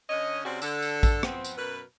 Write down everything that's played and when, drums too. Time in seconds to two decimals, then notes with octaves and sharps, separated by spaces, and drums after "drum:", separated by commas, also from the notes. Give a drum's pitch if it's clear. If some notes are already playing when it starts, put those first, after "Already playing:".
0.10 D3 C#4 C#5 D#5
0.44 C3 C4 C#4 F#4 G#4 D5
0.62 D3 A4, drum: tambourine
0.82 drum: tambourine
1.03 drum: kick A1, tambourine
1.23 F3 B3 C4, drum: rim click
1.44 drum: tambourine
1.57 F#2 B2 A#4 B4